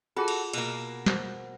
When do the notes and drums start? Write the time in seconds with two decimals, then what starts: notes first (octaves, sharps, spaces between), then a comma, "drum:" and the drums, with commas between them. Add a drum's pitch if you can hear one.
0.16 F4 F#4 G#4 A4 A5
0.28 drum: cymbal
0.53 B2 A#3, drum: cymbal
1.06 C5, drum: snare